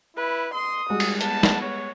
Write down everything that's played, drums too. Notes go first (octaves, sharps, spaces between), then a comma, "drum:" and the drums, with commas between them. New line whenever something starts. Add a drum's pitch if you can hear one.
E4 B4
C6 D#6
G3 G#3 F#4 G#4
drum: cymbal
B3 A5, drum: hi-hat
drum: snare
C#5